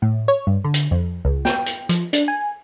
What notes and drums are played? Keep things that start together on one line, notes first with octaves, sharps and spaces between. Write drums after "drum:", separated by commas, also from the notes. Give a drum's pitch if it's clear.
A2
C#5
G2
D3
drum: hi-hat
F2
C#2
G5, drum: snare
drum: hi-hat
F3, drum: hi-hat
D4, drum: hi-hat
G#5